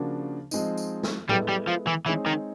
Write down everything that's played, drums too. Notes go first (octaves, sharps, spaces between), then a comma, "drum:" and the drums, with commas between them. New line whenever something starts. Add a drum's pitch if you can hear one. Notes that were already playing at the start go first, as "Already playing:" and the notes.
Already playing: C#3 F3 A#3 D4 F#4
F3 G#3 C4 D#4, drum: tambourine
drum: tambourine
drum: snare
G3 G#3 B3 E4 A4, drum: tom A2
G3
F3
E3
E3 G#3 C4 D#4 G#4 C#5
D#3